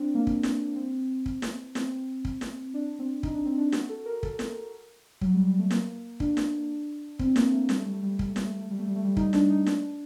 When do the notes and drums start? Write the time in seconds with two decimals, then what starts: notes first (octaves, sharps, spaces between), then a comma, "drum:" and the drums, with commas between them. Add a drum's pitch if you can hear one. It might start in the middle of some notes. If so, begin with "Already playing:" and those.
Already playing: C4 D4
0.15 A#3
0.27 drum: kick
0.43 drum: snare
0.76 C4
1.26 drum: kick
1.42 drum: snare
1.75 C4, drum: snare
2.25 drum: kick
2.41 drum: snare
2.74 D4
2.99 C4
3.23 D#4, drum: kick
3.35 D4
3.46 C4
3.58 D4
3.72 F#4, drum: snare
3.89 A4
4.06 A#4
4.23 A4, drum: kick
4.39 drum: snare
5.21 F#3, drum: kick
5.34 G3
5.46 G3
5.59 A3
5.71 A#3, drum: snare
6.20 D4, drum: kick
6.37 drum: snare
7.19 C4, drum: kick
7.36 A#3, drum: snare
7.52 A3
7.69 G3, drum: snare
7.77 A3
7.86 G3
7.94 A3
8.03 G3
8.11 A3
8.19 G3, drum: kick
8.28 A3
8.36 G3, drum: snare
8.45 A3
8.53 G3
8.61 A3
8.70 G3
8.79 A3
8.87 G3
8.96 A3
9.05 G3
9.17 D#4, drum: kick
9.33 D4, drum: snare
9.50 D#4
9.66 D4, drum: snare